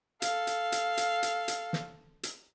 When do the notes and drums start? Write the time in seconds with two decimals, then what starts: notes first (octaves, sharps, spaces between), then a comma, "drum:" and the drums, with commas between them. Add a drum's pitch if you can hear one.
0.22 A4 F5, drum: hi-hat
0.47 drum: hi-hat
0.72 drum: hi-hat
0.97 drum: hi-hat
1.23 drum: hi-hat
1.48 drum: hi-hat
1.73 drum: snare
2.23 drum: hi-hat